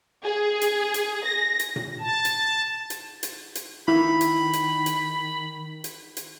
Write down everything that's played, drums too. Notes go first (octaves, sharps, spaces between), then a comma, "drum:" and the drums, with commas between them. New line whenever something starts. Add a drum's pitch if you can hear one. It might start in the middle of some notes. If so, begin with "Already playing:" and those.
G#4
drum: hi-hat
drum: hi-hat
A#6
drum: hi-hat
drum: tom A#2
A5
drum: hi-hat
drum: hi-hat
drum: hi-hat
drum: hi-hat
D#3 E4 B5
drum: hi-hat
drum: hi-hat
drum: hi-hat
drum: hi-hat
drum: hi-hat